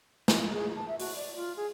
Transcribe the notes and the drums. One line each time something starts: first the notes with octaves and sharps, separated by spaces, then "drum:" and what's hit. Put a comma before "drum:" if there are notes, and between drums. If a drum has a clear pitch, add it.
drum: snare
G#4
A5
E5
F#4, drum: open hi-hat
D5
F4
G#4